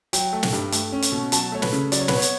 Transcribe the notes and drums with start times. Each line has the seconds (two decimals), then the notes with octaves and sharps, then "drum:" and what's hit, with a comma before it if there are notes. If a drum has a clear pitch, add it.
0.13 F#3 G5, drum: hi-hat
0.33 A3
0.43 drum: snare
0.53 G2
0.72 A3, drum: hi-hat
0.92 C#4
1.02 drum: hi-hat
1.12 B2
1.32 F#3 A5, drum: hi-hat
1.52 A3 C#5
1.62 B4, drum: snare
1.73 C#3
1.92 F#3 D5, drum: hi-hat
2.00 C#5
2.08 B4, drum: snare
2.12 B3 C#5
2.22 drum: hi-hat